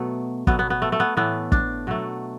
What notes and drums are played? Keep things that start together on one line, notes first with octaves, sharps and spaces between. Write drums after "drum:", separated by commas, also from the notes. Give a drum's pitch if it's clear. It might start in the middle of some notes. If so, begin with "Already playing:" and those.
Already playing: B2 F#3 A3 B3
B2 F#3 A3 B3, drum: kick
B3
B3
A3
A3
B3
A2 E3 A3 B3
D4, drum: kick
B2 F#3 A3